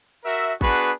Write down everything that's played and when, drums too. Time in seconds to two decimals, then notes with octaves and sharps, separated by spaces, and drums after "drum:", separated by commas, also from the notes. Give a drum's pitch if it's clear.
0.25 F#4 A#4 E5
0.61 B3 D4 F#4 G#4 B4, drum: kick G#1